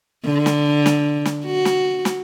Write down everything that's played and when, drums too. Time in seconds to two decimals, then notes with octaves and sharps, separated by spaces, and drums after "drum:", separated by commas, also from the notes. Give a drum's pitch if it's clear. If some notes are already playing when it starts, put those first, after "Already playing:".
0.25 D3
0.46 drum: snare
0.86 drum: snare
1.25 drum: snare
1.45 F#4
1.65 drum: snare
2.05 drum: snare